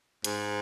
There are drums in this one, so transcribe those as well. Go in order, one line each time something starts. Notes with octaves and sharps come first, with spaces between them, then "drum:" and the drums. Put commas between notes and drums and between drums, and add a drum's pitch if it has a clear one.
G#2, drum: hi-hat